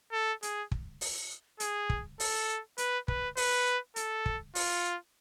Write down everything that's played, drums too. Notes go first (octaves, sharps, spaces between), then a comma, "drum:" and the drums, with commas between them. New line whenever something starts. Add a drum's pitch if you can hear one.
A4
G#4, drum: hi-hat
drum: kick
drum: open hi-hat
G#4, drum: hi-hat
drum: kick
A4, drum: open hi-hat
B4, drum: hi-hat
B4, drum: kick
B4, drum: open hi-hat
A4, drum: hi-hat
drum: kick
F4, drum: open hi-hat